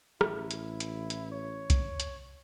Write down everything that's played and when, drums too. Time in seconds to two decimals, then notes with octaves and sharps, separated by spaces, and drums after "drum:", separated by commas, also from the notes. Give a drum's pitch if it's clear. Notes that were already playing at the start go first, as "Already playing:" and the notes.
0.21 A1 E4, drum: rim click
0.51 drum: hi-hat
0.80 drum: hi-hat
1.10 drum: hi-hat
1.32 C#5
1.70 drum: kick C2, hi-hat
2.00 drum: hi-hat